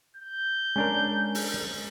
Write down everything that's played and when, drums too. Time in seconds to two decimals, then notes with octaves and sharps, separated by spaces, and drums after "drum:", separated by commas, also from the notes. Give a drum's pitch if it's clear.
0.16 G6
0.76 G#3 C#4 D4 A#4
1.35 drum: open hi-hat